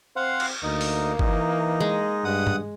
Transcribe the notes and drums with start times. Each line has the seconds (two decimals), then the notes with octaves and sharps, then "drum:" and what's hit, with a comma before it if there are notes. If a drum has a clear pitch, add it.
0.16 C4 C5 F5 F#5
0.40 drum: cymbal
0.63 D2 A#3 D#4
0.81 drum: open hi-hat
1.19 E3 D#4, drum: kick G1
1.80 G#3
2.25 G2 F#5 D#6
2.47 drum: tom G2